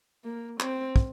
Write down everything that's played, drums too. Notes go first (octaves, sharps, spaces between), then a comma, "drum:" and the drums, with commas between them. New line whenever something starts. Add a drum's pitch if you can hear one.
A#3
C4, drum: clap
drum: kick